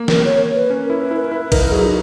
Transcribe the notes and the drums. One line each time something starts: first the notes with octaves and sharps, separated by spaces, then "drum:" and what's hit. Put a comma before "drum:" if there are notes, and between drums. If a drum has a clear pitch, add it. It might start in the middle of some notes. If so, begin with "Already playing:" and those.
Already playing: A#3
A#4, drum: snare
C#5
B4
C#4
E4 A#4
B4
E4
B4
A#4
E4 B4
D#4 A#4, drum: kick A1, cymbal
A#4
F#3 G#4
D#4